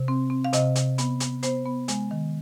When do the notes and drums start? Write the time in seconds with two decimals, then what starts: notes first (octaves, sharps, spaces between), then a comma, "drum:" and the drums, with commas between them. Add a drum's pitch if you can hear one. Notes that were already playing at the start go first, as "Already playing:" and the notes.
Already playing: C3
0.08 C4
0.30 C4
0.44 F5
0.53 C3 D#5, drum: hi-hat
0.76 C3, drum: hi-hat
0.98 B3, drum: hi-hat
1.20 B3, drum: hi-hat
1.43 B3 C5, drum: hi-hat
1.66 B3
1.88 G#3, drum: hi-hat
2.11 D#3